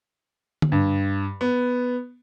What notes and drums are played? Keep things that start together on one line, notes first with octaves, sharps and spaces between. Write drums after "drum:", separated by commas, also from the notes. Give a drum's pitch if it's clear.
drum: tom D3
G2
B3